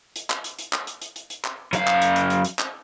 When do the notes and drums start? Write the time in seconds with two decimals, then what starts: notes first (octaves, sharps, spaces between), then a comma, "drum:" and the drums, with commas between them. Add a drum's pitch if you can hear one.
0.16 drum: hi-hat
0.30 drum: clap
0.44 drum: hi-hat
0.59 drum: hi-hat
0.73 drum: clap
0.87 drum: hi-hat
1.02 drum: hi-hat
1.16 drum: hi-hat
1.30 drum: hi-hat
1.44 drum: clap
1.73 F#2 F5, drum: hi-hat
1.87 drum: clap
2.02 drum: hi-hat
2.16 drum: hi-hat
2.30 drum: hi-hat
2.45 drum: hi-hat
2.59 drum: clap